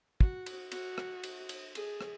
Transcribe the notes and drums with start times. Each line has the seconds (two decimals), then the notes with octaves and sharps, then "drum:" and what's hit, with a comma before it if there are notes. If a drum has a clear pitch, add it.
0.21 F#4, drum: kick
0.46 drum: cymbal
0.72 F#4, drum: cymbal
0.98 drum: rim click
1.23 drum: cymbal
1.49 drum: cymbal
1.75 G#4, drum: cymbal
2.01 drum: rim click